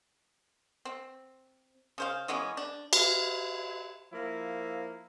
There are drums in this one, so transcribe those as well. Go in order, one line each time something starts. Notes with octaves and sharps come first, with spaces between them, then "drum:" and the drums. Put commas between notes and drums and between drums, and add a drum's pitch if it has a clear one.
C4
C#3 C5 F5
E3 G#3 B3 C#4
D4
drum: cymbal
F3 A#3 E4